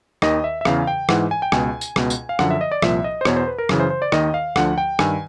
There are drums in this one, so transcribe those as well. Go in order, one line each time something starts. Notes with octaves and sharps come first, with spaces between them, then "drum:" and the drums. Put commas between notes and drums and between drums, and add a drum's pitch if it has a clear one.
D#2 D#3 D#5, drum: rim click
E5
E5
E2 C#3 E3 F5, drum: rim click
G5
G#2 E3 F#5, drum: rim click
G#5
G5
C#2 B2 G#5, drum: rim click
drum: tambourine
C#2 B2, drum: rim click
drum: tambourine
F5
F#2 D3 F3 F#5, drum: rim click
E5
D#5
D5
C2 A#2 F3 E5, drum: rim click
D#5
C5
E2 B2 C#5, drum: rim click
C5
B4
A#4
F#2 C#3 E3, drum: rim click
C5
C5
D5
D#2 D#3 D#5, drum: rim click
F5
D2 D3 F3 F#5, drum: rim click
G5
G2 D#3 G#5, drum: rim click